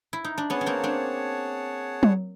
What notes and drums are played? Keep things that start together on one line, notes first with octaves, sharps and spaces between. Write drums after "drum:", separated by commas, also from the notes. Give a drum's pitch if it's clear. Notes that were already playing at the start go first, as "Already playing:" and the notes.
E4
D#4
D4
B3 C#4 G#4 C#5 F#5 A5
C#4
A#3 C4
C4 D4
drum: tom F#3